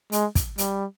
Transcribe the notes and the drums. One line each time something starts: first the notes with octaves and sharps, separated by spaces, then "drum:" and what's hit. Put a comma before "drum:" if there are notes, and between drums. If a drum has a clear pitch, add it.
G#3, drum: hi-hat
drum: kick, hi-hat
G3, drum: hi-hat